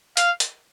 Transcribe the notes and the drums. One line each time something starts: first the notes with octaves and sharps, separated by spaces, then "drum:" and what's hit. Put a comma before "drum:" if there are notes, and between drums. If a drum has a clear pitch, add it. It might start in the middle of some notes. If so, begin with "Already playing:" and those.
F5, drum: hi-hat
drum: hi-hat